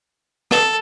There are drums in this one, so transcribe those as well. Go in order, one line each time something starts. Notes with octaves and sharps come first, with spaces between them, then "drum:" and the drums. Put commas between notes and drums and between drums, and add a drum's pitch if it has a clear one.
A4, drum: rim click